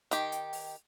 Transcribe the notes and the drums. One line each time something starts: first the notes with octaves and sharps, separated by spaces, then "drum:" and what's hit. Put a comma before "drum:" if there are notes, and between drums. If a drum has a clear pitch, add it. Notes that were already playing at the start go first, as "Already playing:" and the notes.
D#3 G4, drum: hi-hat
drum: hi-hat
drum: open hi-hat